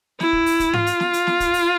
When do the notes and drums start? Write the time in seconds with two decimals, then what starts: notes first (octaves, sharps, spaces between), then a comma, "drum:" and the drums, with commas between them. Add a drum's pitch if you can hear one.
0.20 E4, drum: snare
0.33 drum: kick
0.46 drum: open hi-hat
0.60 drum: kick, hi-hat
0.73 F4, drum: tom G#2
0.86 drum: hi-hat
1.00 drum: snare
1.13 drum: hi-hat
1.27 drum: snare
1.40 drum: kick, hi-hat
1.54 drum: open hi-hat